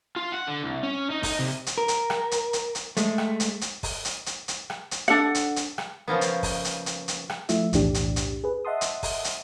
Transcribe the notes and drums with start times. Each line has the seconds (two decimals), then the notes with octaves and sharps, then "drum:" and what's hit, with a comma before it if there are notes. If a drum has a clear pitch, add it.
0.16 F4
0.32 F#5
0.48 D3
0.63 C2
0.83 C#4
1.10 D#4
1.23 D#4, drum: kick, open hi-hat
1.39 C3
1.66 drum: hi-hat
1.78 A#4
1.88 drum: hi-hat
2.10 drum: rim click
2.31 drum: hi-hat
2.53 drum: hi-hat
2.75 drum: hi-hat
2.97 G#3 A3, drum: hi-hat
3.18 drum: rim click
3.40 drum: hi-hat
3.61 drum: hi-hat
3.83 drum: kick, open hi-hat
4.05 drum: hi-hat
4.26 drum: hi-hat
4.48 drum: hi-hat
4.70 drum: rim click
4.91 drum: hi-hat
5.08 D4 A4 F#5
5.35 drum: hi-hat
5.56 drum: hi-hat
5.78 drum: rim click
6.08 C#3 F3 A#3 B3
6.21 drum: hi-hat
6.43 drum: kick, open hi-hat
6.65 drum: hi-hat
6.86 drum: hi-hat
7.08 drum: hi-hat
7.29 drum: rim click
7.49 F3 A3 E4 F4 E5, drum: hi-hat
7.73 B1 E2 A2 E3 D4 G4, drum: hi-hat
7.94 drum: hi-hat
8.16 drum: hi-hat
8.44 G#4 B4
8.65 D#5 E5 F#5 A5 C6 D#6
8.81 drum: hi-hat
9.03 drum: kick, open hi-hat
9.24 drum: hi-hat